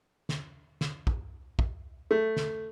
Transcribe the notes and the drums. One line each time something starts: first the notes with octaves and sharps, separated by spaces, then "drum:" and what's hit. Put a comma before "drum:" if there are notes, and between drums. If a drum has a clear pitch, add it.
drum: snare
drum: snare
drum: kick
drum: kick
A3
drum: snare